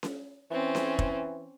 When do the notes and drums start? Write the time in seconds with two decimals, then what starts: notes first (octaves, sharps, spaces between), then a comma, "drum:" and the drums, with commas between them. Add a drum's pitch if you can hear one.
0.03 drum: snare C#4
0.51 E3 C4 C#4
0.75 drum: snare C#4
0.99 drum: kick